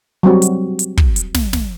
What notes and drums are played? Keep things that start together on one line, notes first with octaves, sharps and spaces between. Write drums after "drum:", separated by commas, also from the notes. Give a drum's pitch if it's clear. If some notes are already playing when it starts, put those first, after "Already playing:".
F#3 G3 C4 F#4
drum: hi-hat
drum: hi-hat
drum: kick
drum: hi-hat
drum: snare
drum: snare